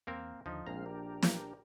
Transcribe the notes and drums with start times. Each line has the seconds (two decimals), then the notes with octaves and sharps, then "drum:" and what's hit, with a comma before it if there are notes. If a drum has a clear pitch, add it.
0.07 E2 A#3 C4 A#4
0.46 D#2 D3 F3 D#4
0.66 A#1 G#3 C4 F5 A#5
0.86 D4 G4 A#4
1.22 drum: snare